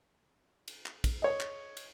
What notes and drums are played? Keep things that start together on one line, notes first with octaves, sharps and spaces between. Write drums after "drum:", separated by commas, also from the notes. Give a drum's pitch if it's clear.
drum: cymbal
drum: clap
drum: kick, cymbal
C#5 D#5
drum: clap
drum: cymbal